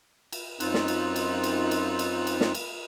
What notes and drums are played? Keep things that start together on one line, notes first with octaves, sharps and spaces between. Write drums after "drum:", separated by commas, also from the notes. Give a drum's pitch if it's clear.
drum: cymbal
F#2 C4 D#4 F4 F#6, drum: cymbal
drum: snare
drum: cymbal
drum: cymbal
drum: cymbal
drum: cymbal
drum: cymbal
drum: cymbal
drum: snare
drum: cymbal